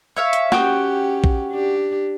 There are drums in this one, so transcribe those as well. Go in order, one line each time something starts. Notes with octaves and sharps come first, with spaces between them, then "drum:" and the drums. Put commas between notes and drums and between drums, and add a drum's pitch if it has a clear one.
C#5 E5 F5
drum: hi-hat
C#4 F#4 G4 G5 D#6, drum: snare
drum: kick A#1
D4 G4